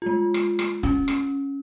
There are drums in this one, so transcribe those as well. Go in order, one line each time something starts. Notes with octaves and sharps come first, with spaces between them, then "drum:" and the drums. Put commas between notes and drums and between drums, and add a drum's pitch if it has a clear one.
G#3 F4
drum: rim click
drum: rim click
C#4, drum: kick, hi-hat
drum: rim click